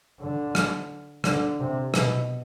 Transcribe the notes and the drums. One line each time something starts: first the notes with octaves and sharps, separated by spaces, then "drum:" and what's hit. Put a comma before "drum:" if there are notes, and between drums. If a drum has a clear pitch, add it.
D3
drum: rim click
D3, drum: rim click
C3
B2, drum: rim click